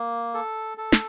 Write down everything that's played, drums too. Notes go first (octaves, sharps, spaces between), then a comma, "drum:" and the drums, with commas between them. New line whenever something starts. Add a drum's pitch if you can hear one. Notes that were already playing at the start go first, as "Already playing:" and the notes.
Already playing: A#3
A4
A4
drum: snare